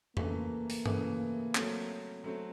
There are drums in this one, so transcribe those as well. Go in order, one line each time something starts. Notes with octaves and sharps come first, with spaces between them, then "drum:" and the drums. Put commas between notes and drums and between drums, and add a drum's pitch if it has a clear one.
C#3 E3 A3 A#3, drum: tom
drum: open hi-hat
C#3 E3 A3, drum: tom G2
F#3 A3 C4, drum: clap
F#3 A3 C4